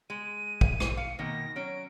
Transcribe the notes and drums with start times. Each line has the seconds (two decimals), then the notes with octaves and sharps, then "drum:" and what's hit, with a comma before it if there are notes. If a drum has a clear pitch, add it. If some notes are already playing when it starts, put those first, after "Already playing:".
0.10 G#3 D#7
0.61 drum: kick
0.80 drum: rim click
0.97 F5 C#7
1.19 B2 D#3 A#3 A#6
1.56 F#3 C#4 D7